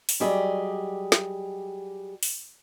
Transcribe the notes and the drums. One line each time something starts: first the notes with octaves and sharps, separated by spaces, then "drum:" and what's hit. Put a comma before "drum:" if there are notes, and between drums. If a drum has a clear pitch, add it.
drum: open hi-hat
F#3 G3 G4 G#4 D5 D#5
drum: snare
drum: open hi-hat